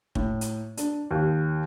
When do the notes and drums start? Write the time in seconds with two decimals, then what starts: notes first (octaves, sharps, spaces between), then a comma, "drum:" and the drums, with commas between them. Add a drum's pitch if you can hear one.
0.15 A2, drum: kick
0.41 drum: hi-hat
0.77 D4, drum: hi-hat
1.11 D#2